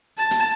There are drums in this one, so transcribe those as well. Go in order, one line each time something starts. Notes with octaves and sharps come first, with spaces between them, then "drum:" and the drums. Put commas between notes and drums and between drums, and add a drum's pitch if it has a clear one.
A5
drum: hi-hat